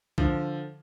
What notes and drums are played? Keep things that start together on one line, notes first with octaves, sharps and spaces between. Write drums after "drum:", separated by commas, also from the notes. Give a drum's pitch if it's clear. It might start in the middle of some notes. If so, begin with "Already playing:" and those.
D3 F3, drum: kick